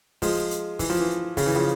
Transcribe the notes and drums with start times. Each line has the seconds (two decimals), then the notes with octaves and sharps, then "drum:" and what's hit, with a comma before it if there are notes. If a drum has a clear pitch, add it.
0.22 F3 G#3, drum: kick, open hi-hat
0.51 drum: hi-hat
0.79 E3, drum: kick, open hi-hat
0.90 F3
1.00 E3
1.37 C#3, drum: kick, open hi-hat
1.46 E3
1.56 C#3 F3